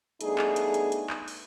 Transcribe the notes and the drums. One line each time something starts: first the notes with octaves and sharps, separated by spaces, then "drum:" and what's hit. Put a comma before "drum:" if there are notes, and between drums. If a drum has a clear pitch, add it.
G3 A3 B3 D4 D#4 G#4, drum: hi-hat
drum: clap
drum: hi-hat
drum: hi-hat
drum: hi-hat
drum: clap
drum: open hi-hat